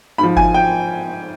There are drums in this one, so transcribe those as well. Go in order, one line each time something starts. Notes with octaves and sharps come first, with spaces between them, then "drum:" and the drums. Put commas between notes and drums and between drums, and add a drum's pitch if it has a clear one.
G#2 F3 B5
G#5, drum: kick G1
G5